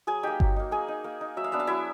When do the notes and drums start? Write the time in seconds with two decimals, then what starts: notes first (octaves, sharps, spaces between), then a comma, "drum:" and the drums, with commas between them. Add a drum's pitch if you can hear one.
0.07 F#3 G#4 G#5
0.23 A#3 D#4 G4 G5
0.40 F#3, drum: kick G1
0.56 A#3 D#4
0.71 A#3 G#4 G#5
0.88 D#4
1.04 A#3
1.21 D#4
1.37 F#3 E5
1.44 F5
1.52 B3 D4 E5
1.60 F5
1.67 F#3 E4 E5